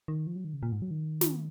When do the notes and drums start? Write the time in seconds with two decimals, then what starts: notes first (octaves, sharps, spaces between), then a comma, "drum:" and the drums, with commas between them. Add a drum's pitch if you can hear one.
0.08 D#3
0.27 F3
0.36 F#3
0.45 D#3
0.54 C#3
0.63 A#2
0.72 G#2
0.82 F#3
0.91 D#3
1.21 drum: snare